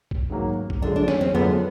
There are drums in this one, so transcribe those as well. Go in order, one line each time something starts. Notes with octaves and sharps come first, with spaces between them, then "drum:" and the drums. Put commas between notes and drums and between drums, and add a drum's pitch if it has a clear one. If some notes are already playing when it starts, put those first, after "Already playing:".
drum: kick A1
G#2 D#3 F#3 A#3
drum: kick A1
F#2 D3 F3 G#3 D4
D4
C#4, drum: snare
C4
F#2 D3 F3 G#3 B3